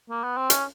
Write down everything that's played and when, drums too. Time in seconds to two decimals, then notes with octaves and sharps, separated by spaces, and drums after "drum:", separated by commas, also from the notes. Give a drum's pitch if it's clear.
0.10 A#3
0.23 B3
0.37 C4
0.50 C#4, drum: hi-hat